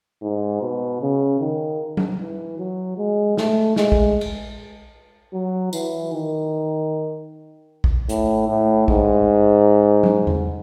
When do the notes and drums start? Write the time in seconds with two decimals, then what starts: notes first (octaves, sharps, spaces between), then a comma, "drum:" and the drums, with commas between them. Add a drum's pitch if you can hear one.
0.22 G#2
0.62 B2
1.02 C#3
1.40 D#3
1.97 drum: tom F#3
2.19 E3
2.58 F#3
2.98 G#3
3.37 A3, drum: snare
3.76 G#3, drum: snare
3.92 drum: kick A#1
4.21 drum: cymbal
5.33 F#3
5.73 E3, drum: tambourine
6.13 D#3
7.84 drum: kick A#1
8.09 A2, drum: hi-hat
8.48 A2
8.88 G#2, drum: kick A#1
10.03 drum: tom F#3
10.27 drum: tom E2